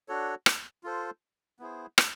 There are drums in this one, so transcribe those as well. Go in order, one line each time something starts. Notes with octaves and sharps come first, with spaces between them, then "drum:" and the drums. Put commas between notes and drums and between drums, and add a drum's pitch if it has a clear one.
D4 F#4 A4 C#5
drum: rim click
F4 A4 C5
B3 E4 G#4 C5
drum: rim click